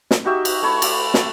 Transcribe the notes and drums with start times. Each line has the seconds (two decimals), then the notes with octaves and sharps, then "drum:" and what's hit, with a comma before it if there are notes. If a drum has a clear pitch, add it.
0.11 drum: snare
0.25 D#4 F#4 G4 E5
0.45 drum: cymbal
0.62 A3 E4 C#5
0.82 A4 D5, drum: cymbal
1.14 drum: snare